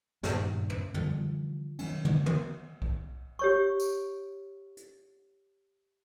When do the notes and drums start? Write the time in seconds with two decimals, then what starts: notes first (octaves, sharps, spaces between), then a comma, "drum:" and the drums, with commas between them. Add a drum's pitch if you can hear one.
0.23 F#1 G2 A#2 D#3, drum: snare
0.70 drum: tom
0.94 D3 E3 F3 G3, drum: tom
1.79 D#3 F#3 C#4, drum: cymbal
2.05 drum: tom
2.26 drum: tom
2.82 drum: kick B1
3.39 G4 C#5 C#6
3.80 drum: tambourine
4.77 drum: hi-hat